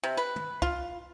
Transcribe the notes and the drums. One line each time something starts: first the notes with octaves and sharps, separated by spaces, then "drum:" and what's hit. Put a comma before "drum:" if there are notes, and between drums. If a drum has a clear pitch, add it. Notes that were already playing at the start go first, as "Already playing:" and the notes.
C3
B4
drum: tom
F4, drum: kick